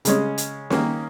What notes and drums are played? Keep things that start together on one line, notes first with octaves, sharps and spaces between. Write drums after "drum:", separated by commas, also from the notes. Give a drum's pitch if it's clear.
C#3 G#3 C#4, drum: hi-hat
drum: hi-hat
D#3 A#3 C#4, drum: snare